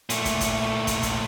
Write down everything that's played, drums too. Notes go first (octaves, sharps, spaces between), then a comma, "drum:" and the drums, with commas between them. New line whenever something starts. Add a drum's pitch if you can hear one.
A#2 A3, drum: hi-hat
drum: kick, hi-hat
drum: kick, hi-hat
drum: kick, hi-hat
drum: kick, hi-hat